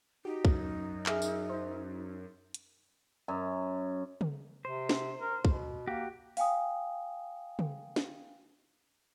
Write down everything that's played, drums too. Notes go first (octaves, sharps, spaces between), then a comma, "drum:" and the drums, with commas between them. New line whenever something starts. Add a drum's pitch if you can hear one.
D#4 F#4 G4
F#2, drum: kick
G#4 E5 F6, drum: clap
drum: tambourine
C5
drum: hi-hat
F#2
drum: tom C#3
C3 C5
drum: snare
A#4
B2, drum: kick
A#3 F#4 G4
F5 G5 G#5 D#6, drum: open hi-hat
drum: tom C#3
drum: snare